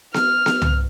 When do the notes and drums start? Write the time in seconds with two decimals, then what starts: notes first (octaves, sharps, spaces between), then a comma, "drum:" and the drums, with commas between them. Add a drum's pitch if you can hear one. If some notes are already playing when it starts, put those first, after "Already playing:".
0.14 F6, drum: snare B3
0.46 drum: snare B3
0.62 drum: tom